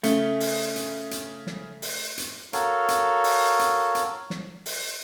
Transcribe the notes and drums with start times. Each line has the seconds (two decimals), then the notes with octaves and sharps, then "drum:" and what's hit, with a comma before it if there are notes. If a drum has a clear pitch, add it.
0.03 C#3 A3, drum: hi-hat
0.40 drum: open hi-hat
0.76 drum: hi-hat
1.11 drum: hi-hat
1.47 drum: snare
1.82 drum: open hi-hat
2.18 drum: hi-hat
2.53 F#4 A4 A#4 C#5 F5, drum: hi-hat
2.88 drum: hi-hat
3.24 drum: open hi-hat
3.59 drum: hi-hat
3.95 drum: hi-hat
4.30 drum: snare
4.66 drum: open hi-hat